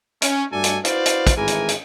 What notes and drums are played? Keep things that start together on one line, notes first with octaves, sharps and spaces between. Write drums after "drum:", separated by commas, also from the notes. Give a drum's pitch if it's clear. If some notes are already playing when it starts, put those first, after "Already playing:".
C#4, drum: hi-hat
G2 A3 D4 F#4 A4 G#5
drum: hi-hat
E4 F#4 B4 C5 D5 F5, drum: hi-hat
drum: hi-hat
drum: kick, hi-hat
G#1 A2 E3 G#4 A#4 G#5
drum: hi-hat
drum: hi-hat